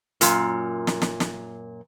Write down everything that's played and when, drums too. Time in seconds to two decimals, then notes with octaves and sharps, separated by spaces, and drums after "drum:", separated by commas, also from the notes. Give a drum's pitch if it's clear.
0.21 F#2 A#2, drum: hi-hat
0.87 drum: snare
1.02 drum: snare
1.20 drum: snare